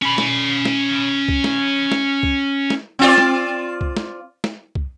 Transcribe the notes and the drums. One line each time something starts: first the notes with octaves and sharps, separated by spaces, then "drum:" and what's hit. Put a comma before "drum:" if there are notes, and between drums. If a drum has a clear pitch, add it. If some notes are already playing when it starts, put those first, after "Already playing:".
C#4 B5
drum: snare
drum: snare
drum: kick
drum: snare
drum: snare
drum: kick
drum: snare
C4 F4 D5
drum: snare
drum: kick
drum: snare
drum: snare
drum: kick